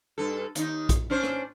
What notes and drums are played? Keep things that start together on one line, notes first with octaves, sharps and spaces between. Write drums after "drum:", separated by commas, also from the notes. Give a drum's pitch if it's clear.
G2 A4
D#2 D#4, drum: hi-hat
drum: kick A#1, hi-hat
C#4 D4 C5
drum: rim click